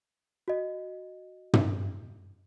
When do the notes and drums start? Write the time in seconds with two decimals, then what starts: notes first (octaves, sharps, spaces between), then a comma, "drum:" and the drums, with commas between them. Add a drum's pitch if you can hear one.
0.48 F#4 D#5
1.53 drum: tom